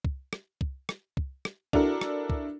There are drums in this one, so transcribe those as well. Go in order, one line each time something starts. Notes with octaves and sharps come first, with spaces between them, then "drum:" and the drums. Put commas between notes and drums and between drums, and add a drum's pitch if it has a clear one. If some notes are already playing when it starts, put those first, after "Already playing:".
drum: kick
drum: rim click
drum: kick
drum: rim click
drum: kick
drum: rim click
D4 E4 F#4 A4 A#4, drum: kick
drum: rim click
drum: kick